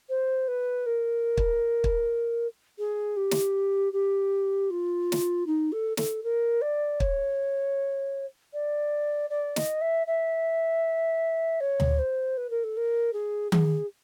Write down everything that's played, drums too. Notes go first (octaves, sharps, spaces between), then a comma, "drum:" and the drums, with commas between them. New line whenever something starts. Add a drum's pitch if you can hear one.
C5
B4
A#4
drum: kick
drum: kick
G#4
G4
drum: snare
G4
F4
drum: snare
D#4
A4
A4, drum: snare
A#4
D5
C#5, drum: kick
D5
D5
D#5, drum: snare
E5
E5
C#5
drum: tom D2
C5
B4
A#4
A4
A#4
G#4
G#4, drum: tom D#3